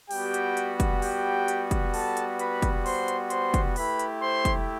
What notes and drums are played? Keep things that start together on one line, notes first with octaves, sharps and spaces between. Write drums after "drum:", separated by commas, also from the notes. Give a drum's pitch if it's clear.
G3 B3 F#4 G4 G5, drum: open hi-hat
drum: hi-hat
drum: hi-hat
drum: kick F1, hi-hat
G4 G5, drum: open hi-hat
drum: hi-hat
drum: kick F1, hi-hat
A4 A5, drum: open hi-hat
drum: hi-hat
B4 B5, drum: hi-hat
drum: kick F1, hi-hat
C5 C6, drum: open hi-hat
drum: hi-hat
C5 C6, drum: hi-hat
drum: kick F1, hi-hat
A3 E4 G4 B4 B5, drum: open hi-hat
drum: hi-hat
C5 C6
drum: kick F1, hi-hat